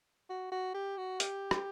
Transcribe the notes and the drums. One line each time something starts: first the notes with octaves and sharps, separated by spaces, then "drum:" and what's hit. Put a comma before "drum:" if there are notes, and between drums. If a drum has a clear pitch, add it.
F#4
F#4
G4
F#4
G4, drum: hi-hat
drum: rim click